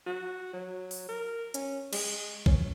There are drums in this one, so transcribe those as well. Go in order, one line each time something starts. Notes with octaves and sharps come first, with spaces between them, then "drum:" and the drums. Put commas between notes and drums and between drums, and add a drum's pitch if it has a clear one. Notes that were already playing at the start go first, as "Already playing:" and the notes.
F#4
F#3
drum: open hi-hat
A#4
C#4, drum: hi-hat
G#3, drum: cymbal
C#4, drum: kick A1